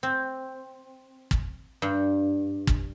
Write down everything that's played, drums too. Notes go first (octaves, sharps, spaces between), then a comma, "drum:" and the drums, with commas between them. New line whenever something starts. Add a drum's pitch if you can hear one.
C4
drum: kick
G2
drum: kick